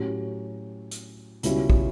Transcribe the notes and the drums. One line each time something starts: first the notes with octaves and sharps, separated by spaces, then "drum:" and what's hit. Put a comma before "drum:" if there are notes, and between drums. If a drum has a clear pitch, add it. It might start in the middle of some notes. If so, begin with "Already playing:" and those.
Already playing: A2 F#3 C#4 G4
drum: hi-hat
C#2 B2 G3 C#4 E4, drum: hi-hat
drum: kick